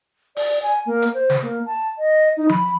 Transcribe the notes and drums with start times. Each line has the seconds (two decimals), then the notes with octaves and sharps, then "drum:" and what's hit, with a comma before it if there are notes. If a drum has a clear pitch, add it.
0.36 D5, drum: open hi-hat
0.63 G#5
0.86 A#3
1.02 drum: hi-hat
1.14 C5
1.30 drum: snare
1.42 A#3
1.66 A5
1.98 D#5
2.37 D#4
2.49 B5, drum: tom F3